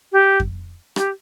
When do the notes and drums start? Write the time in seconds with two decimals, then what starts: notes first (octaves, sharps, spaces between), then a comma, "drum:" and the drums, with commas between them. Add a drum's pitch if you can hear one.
0.12 G4
0.40 drum: kick F2
0.96 G4, drum: rim click